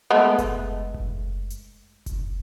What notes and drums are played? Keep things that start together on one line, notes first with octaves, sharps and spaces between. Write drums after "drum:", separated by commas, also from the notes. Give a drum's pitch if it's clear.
G#3 A3 B3
drum: kick F#1, hi-hat
drum: kick F#1
drum: hi-hat
drum: kick F#1, hi-hat